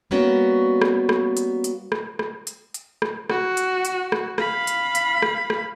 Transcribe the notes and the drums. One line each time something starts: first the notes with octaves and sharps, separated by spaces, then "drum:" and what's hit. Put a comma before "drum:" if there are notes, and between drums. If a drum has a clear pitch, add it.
G3 A#3 B3 C#4 F#4
drum: rim click
drum: rim click
drum: hi-hat
drum: hi-hat
drum: rim click
drum: rim click
drum: hi-hat
drum: hi-hat
drum: rim click
F#4, drum: rim click
drum: hi-hat
drum: hi-hat
drum: rim click
F5 B5, drum: rim click
drum: hi-hat
drum: hi-hat
drum: rim click
drum: rim click